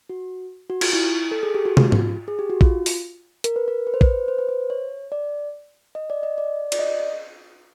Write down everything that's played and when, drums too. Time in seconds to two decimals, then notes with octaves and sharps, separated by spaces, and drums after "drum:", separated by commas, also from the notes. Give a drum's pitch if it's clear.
0.10 F#4
0.70 F#4
0.81 F4, drum: cymbal
0.93 E4
1.31 A4
1.43 G#4
1.54 G4
1.65 F#4
1.77 F4, drum: tom
1.92 drum: tom G#2
2.28 G#4
2.39 G4
2.50 F#4
2.61 F4, drum: kick
2.86 drum: open hi-hat
3.44 A#4, drum: hi-hat
3.56 B4
3.68 A#4
3.87 B4
3.94 C5
4.01 B4, drum: kick
4.28 C5
4.38 B4
4.49 C5
4.70 C#5
5.12 D5
5.95 D#5
6.10 D5
6.23 D#5
6.38 D5
6.72 D5, drum: cymbal
6.79 D#5